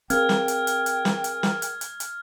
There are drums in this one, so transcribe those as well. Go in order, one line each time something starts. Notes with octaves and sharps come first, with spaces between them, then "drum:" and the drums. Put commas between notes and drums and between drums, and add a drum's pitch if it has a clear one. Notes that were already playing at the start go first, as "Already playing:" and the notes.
C4 G#4 A#4 F5 G5 F6 G#6, drum: hi-hat
drum: snare
drum: hi-hat
drum: hi-hat
drum: hi-hat
drum: snare
drum: hi-hat
drum: snare
drum: hi-hat
drum: hi-hat
drum: hi-hat